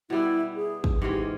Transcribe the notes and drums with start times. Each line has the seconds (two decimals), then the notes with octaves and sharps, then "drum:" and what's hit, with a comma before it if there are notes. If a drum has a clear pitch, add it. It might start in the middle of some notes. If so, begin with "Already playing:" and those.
0.10 B2 G3 B3 E4
0.56 G#4
0.84 drum: kick
1.02 G#2 E3 G#3 C#4 G4